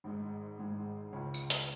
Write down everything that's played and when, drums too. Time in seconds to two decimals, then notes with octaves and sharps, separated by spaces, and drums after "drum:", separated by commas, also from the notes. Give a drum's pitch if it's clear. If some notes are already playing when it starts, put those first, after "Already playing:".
0.04 G#1 G#2 G#3
0.59 G#1 G#2 G#3
1.12 C#2 C#3 G#3 C#4
1.34 drum: tambourine
1.50 drum: hi-hat